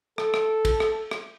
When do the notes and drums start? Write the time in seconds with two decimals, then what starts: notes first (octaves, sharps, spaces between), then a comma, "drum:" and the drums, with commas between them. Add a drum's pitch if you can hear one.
0.18 A4, drum: rim click
0.34 drum: rim click
0.65 drum: kick, cymbal
0.80 drum: rim click
1.11 drum: rim click